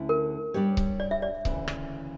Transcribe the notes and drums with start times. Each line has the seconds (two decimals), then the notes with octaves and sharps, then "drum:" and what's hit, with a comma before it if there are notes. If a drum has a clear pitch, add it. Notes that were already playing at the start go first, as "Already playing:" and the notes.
Already playing: D2 D3 A3 C#4 E4
0.09 A#4
0.54 G3 D4 G4 C#5
0.77 drum: kick C#1
1.00 D5
1.11 E5
1.22 D5
1.45 D2 C#3 E3 A#3 C#4, drum: kick C#1
1.68 drum: rim click